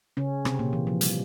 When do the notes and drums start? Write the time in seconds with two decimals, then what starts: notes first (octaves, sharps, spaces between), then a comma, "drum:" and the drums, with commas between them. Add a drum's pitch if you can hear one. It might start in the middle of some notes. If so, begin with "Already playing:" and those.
0.17 C#3 C#4
0.45 C3 C4, drum: rim click
0.59 A#2 A#3
0.73 E3
0.87 F3
1.01 G3, drum: hi-hat